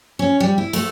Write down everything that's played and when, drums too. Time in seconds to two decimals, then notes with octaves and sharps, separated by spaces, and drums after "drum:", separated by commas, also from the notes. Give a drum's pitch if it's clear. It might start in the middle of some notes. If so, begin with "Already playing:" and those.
0.19 C#4
0.40 G3
0.58 E4
0.73 A3, drum: cymbal